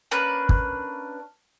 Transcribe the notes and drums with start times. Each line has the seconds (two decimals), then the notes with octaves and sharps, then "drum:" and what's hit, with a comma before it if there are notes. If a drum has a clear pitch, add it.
0.11 A#3 C#4 D4 B4
0.49 drum: kick